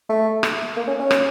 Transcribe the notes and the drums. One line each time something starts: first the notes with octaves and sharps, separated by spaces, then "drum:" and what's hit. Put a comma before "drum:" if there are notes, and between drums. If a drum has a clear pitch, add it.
A3
drum: rim click
A#3
C#4
C#4
drum: rim click